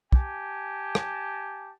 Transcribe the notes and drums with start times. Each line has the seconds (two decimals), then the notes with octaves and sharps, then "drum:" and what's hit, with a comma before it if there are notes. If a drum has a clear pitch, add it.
0.12 G4 G#5 A5, drum: kick
0.95 drum: rim click